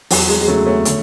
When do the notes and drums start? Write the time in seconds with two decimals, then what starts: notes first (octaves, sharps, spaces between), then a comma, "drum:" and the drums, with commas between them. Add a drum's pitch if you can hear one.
0.10 E2 F#3, drum: open hi-hat
0.29 G#3
0.41 G#3
0.48 C#3 F#3 A3
0.67 A3 C#4
0.85 D3, drum: hi-hat